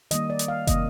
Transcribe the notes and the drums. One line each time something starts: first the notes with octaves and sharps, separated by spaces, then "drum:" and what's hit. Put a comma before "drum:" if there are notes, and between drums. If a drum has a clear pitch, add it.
D#3 G3 A#3 D#5, drum: hi-hat
D5
drum: hi-hat
F5
C3 D#3 A#3 D#5, drum: kick, hi-hat